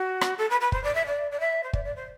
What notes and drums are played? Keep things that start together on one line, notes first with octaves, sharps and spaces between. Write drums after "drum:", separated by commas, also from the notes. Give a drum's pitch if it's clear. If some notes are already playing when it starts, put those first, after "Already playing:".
Already playing: F#4
drum: rim click
A4
B4
B4
C5, drum: kick
D5
E5
D5
D5
E5
C5
D5, drum: kick
D5
C5